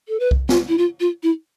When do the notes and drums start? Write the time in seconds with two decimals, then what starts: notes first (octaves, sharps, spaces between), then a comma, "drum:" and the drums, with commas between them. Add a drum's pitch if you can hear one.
0.08 A4
0.20 B4
0.31 drum: kick C2
0.49 F4, drum: snare
0.68 E4
0.78 F4
1.00 F4
1.23 E4